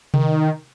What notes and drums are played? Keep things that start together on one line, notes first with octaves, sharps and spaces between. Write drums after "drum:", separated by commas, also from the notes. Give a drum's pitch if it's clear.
D#3, drum: tom C3